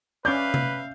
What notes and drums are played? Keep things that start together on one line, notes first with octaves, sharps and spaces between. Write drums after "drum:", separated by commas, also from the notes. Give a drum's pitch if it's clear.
C#4 B4 D5 E5 F5 G6
drum: tom C3